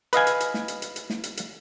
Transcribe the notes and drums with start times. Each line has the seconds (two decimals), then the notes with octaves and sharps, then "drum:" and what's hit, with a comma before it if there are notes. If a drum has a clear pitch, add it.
0.13 B4 D#5 F5 G#5, drum: hi-hat
0.27 drum: hi-hat
0.40 drum: hi-hat
0.54 drum: snare
0.68 drum: hi-hat
0.82 drum: hi-hat
0.96 drum: hi-hat
1.10 drum: snare
1.24 drum: hi-hat
1.37 drum: hi-hat